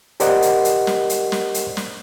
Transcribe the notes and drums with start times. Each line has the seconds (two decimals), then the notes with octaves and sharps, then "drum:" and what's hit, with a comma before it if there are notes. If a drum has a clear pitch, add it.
0.20 G4 A#4 C5 D5 D#5 F#5, drum: hi-hat
0.42 drum: hi-hat
0.65 drum: hi-hat
0.87 drum: snare
1.10 drum: hi-hat
1.32 drum: snare
1.54 drum: hi-hat
1.77 drum: snare